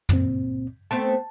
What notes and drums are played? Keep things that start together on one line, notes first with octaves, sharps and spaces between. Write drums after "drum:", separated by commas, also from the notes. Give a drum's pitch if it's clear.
C#2 A#2 C4, drum: tom
A3 B3 C4 A5